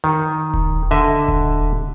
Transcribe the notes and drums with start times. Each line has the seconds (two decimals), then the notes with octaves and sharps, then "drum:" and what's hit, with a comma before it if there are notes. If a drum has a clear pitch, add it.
0.04 D#3
0.54 drum: kick D#1
0.91 D3 D#5 E5
1.28 drum: kick D#1